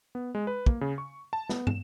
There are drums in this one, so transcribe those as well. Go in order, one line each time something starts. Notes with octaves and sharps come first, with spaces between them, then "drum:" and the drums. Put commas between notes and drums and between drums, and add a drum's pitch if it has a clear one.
B3
G#3
B4
A#3, drum: kick
C#3
C#6
A5
B3, drum: snare
E7, drum: tom